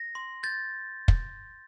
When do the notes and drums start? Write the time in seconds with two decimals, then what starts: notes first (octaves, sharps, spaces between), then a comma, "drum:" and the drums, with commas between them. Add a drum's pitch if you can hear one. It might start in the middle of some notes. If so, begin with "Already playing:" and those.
Already playing: A#6
0.15 C6
0.43 G6 A6
1.08 drum: kick